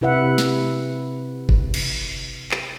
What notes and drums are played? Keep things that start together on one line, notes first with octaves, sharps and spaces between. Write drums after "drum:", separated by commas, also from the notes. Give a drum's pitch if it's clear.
C3 E4 B4 E5 F#5
drum: snare
drum: kick
drum: cymbal
drum: clap